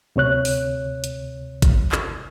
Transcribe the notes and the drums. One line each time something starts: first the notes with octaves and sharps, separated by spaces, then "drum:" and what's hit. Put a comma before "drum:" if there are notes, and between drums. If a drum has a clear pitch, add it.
D2 C3 C#5 F#6
drum: open hi-hat
drum: hi-hat
drum: kick, hi-hat
drum: clap